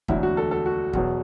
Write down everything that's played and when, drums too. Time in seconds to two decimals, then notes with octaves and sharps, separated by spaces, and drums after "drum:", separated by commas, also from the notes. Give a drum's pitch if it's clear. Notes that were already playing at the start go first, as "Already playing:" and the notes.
0.08 E1 D2 D3 F#3 E4, drum: kick
0.23 F#4
0.37 A4
0.51 A4
0.66 F#4
0.93 E2 B2 F#3, drum: kick